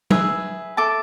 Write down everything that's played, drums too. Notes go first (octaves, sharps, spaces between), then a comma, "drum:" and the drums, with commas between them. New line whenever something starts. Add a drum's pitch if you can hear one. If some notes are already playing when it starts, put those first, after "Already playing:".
G#4 B4 E5, drum: tom F#3
A4 E5 A5 D6